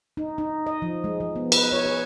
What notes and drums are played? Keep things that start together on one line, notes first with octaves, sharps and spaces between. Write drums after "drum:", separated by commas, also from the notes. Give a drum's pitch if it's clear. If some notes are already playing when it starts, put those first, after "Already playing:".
D#4
D#4
D#5
F3
G#3
F3
B3
B4, drum: cymbal
C#5
G#4